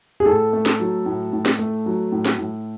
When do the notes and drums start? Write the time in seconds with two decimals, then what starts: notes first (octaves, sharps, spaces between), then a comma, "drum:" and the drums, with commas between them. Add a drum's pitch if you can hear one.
0.20 G#4
0.26 A2 A4
0.53 A3
0.66 drum: snare
0.80 F#3
1.06 A2
1.33 A2
1.46 drum: snare
1.59 A3
1.86 F#3
2.12 A2
2.25 drum: snare
2.38 A2